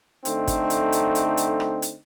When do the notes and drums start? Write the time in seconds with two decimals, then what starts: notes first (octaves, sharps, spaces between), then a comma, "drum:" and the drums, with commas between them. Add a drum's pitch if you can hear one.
0.25 D3 A3 C4 D#4, drum: hi-hat
0.47 drum: kick G#1, hi-hat
0.70 drum: hi-hat
0.92 drum: hi-hat
1.15 drum: hi-hat
1.37 drum: hi-hat
1.60 drum: rim click
1.82 drum: hi-hat